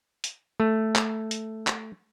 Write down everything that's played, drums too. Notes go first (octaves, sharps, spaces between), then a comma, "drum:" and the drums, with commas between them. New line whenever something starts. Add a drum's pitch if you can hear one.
drum: hi-hat
A3
drum: clap
drum: hi-hat
drum: clap